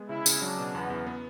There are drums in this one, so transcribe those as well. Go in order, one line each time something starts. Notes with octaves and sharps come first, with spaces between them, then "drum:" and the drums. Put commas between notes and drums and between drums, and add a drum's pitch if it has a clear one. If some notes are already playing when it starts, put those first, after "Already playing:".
Already playing: G#3 B3
C#3 E4
C#3, drum: tambourine
F#3 D4
B2
E2 B3
E2
B3